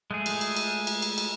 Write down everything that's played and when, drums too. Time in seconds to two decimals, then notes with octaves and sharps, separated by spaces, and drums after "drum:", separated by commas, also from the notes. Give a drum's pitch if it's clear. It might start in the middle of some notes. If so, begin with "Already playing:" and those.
0.11 G#3 A3 G#4
0.26 drum: cymbal
0.41 drum: cymbal
0.56 drum: cymbal
0.87 drum: cymbal
1.02 drum: cymbal
1.18 drum: cymbal